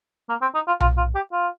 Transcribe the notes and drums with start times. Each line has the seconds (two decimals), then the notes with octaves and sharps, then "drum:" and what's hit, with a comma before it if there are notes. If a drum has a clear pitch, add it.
0.29 A#3
0.41 C4
0.54 D#4
0.67 F4
0.81 F4, drum: tom B1
0.97 F4
1.15 G4
1.32 F4